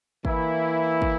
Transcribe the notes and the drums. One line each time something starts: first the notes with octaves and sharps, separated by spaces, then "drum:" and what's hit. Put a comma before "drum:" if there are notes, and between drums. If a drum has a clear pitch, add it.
E3 A#3 E4, drum: kick
drum: kick